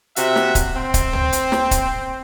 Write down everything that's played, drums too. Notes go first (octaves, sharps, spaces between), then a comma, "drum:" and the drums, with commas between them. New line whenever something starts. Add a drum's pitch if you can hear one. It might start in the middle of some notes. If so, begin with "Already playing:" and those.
C3 F#4 E5, drum: hi-hat
drum: snare
drum: kick, hi-hat
C4
drum: kick, hi-hat
drum: tom
drum: hi-hat
drum: snare
drum: kick, hi-hat